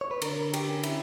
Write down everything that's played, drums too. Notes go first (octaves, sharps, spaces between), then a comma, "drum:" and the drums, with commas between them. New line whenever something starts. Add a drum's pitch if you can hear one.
C#5
B4
D3 A#4, drum: cymbal
G4, drum: cymbal
C#4
E4, drum: cymbal